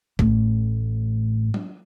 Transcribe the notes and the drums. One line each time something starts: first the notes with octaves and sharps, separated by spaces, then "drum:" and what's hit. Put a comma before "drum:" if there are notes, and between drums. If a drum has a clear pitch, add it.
A1 A2, drum: kick A#1
drum: tom F#3